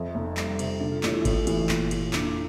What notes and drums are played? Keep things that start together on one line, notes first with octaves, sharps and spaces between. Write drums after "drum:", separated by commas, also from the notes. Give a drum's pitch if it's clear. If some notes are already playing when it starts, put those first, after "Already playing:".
Already playing: F2 E5
F1
G3, drum: clap
C3, drum: cymbal
D3 A4
F4
A1 E4, drum: clap
E4
A2, drum: kick G1, cymbal
E3, drum: cymbal
A#2, drum: clap
A#2, drum: cymbal
F1 D4, drum: clap